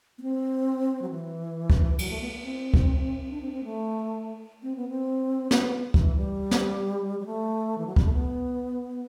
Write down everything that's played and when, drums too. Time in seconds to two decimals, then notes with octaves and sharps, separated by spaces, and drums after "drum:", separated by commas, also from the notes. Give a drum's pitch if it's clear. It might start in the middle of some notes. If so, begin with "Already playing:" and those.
0.18 B3
0.22 C4
1.02 F#3
1.10 E3
1.70 drum: kick
1.99 F#3, drum: cymbal
2.10 A3
2.21 B3
2.32 B3
2.43 C4
2.74 drum: kick
3.31 D4
3.41 C4
3.52 C4
3.64 A3
4.63 C4
4.76 B3
4.89 C4
5.51 B3, drum: snare
5.94 E3, drum: kick
6.17 G3
6.51 drum: snare
7.19 G3
7.26 A3
7.78 E3
7.87 F#3
7.96 G3, drum: kick
8.05 A3
8.13 B3